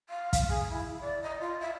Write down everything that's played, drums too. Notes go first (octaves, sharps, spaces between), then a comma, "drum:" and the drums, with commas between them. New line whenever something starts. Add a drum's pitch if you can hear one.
F5
drum: kick, hi-hat
G#4
E4
D5
D#5
F4
E5